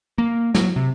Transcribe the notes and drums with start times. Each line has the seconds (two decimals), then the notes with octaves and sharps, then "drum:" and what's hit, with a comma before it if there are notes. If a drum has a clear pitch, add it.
0.18 A#3
0.54 F#3, drum: snare
0.76 C3